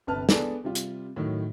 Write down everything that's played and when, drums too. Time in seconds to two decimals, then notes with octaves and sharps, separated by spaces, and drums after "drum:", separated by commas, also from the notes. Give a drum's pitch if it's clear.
0.07 G1 C3 B4 A5 F6
0.29 B3 D4 G#4 A4 D5, drum: snare
0.64 C3 G3 F4
0.75 drum: hi-hat
1.16 A2 D#3 F#3